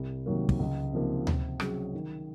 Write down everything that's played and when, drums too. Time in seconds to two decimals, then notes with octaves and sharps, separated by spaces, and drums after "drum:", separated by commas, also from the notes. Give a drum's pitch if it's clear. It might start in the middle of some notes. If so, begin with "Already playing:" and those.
Already playing: C2
0.26 C3 D#3 F#3 A#3
0.49 drum: kick
0.59 C#2
0.93 C3 F3 A#3 D#4
1.27 C3, drum: tom D2
1.60 F#3 C#4 G#4, drum: rim click
1.94 D#3